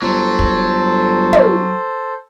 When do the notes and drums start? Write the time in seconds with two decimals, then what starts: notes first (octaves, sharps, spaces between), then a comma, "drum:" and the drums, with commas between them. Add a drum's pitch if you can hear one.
0.02 G1 F#3 A4 C5
0.39 drum: kick
1.33 drum: tom